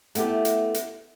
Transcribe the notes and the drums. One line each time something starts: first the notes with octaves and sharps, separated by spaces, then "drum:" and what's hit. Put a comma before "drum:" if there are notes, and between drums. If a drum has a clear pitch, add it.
A3 B3 E4 G4, drum: hi-hat
drum: hi-hat
drum: hi-hat